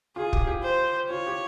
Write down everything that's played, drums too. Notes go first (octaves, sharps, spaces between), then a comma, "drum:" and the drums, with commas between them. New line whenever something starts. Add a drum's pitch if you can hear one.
F4 G#4
G4, drum: kick
F4
G4
C5
F4 C#5
G4